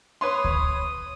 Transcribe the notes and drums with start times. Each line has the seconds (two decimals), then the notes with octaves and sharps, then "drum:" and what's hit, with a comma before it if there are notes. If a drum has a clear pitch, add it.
0.21 B4 C#5 C6 D#6
0.44 drum: kick D2